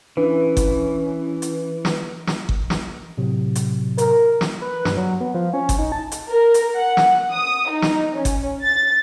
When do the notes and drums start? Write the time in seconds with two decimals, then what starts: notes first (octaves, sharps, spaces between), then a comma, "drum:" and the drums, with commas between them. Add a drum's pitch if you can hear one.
0.17 E3 C#4 D4 B4
0.57 drum: kick G1, hi-hat
1.42 drum: hi-hat
1.85 drum: snare
2.27 drum: snare
2.49 drum: kick G1
2.70 drum: snare
3.18 A2 C3 F#3
3.55 drum: hi-hat
3.98 A#4, drum: hi-hat
4.41 drum: snare
4.62 B4
4.85 G2, drum: snare
4.97 F#3
5.20 B3
5.34 F3
5.53 C#4
5.69 drum: kick G1, hi-hat
5.78 D#4
5.92 A5
6.12 drum: hi-hat
6.30 A#4
6.54 drum: hi-hat
6.77 F#5
6.97 drum: snare
7.32 D#6
7.69 D#4
7.82 drum: snare
8.14 C#4
8.25 drum: kick G1, hi-hat
8.65 A6